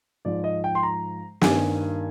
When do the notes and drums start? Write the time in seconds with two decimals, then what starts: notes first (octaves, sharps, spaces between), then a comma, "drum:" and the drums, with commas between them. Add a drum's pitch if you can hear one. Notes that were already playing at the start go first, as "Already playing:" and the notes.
0.25 G#2 F3 G#3 D5
0.44 D#5
0.64 G5
0.75 C6
0.83 A#5
1.41 G2 D#3 G3 A#3 G#5, drum: snare